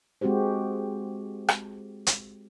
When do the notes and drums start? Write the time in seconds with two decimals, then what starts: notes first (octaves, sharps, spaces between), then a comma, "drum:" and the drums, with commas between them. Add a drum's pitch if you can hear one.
0.21 G#3 C4 F#4 G4 C5
1.48 drum: rim click
2.07 drum: hi-hat